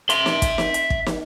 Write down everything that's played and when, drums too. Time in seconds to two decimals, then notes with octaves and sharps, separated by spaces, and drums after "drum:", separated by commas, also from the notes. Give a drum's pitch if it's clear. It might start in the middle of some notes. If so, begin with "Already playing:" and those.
0.10 E5 C6, drum: hi-hat
0.26 drum: snare
0.42 drum: kick, hi-hat
0.58 drum: snare
0.74 drum: hi-hat
0.90 drum: kick
1.06 drum: snare